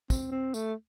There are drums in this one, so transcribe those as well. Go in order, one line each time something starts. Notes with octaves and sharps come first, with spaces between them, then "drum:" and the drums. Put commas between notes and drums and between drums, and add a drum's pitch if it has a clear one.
C4, drum: kick, tambourine
C4
A3, drum: tambourine